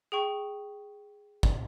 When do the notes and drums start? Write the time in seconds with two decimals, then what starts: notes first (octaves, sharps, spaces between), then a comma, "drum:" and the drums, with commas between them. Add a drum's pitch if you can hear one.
0.12 G#4 G5 C#6
1.43 drum: kick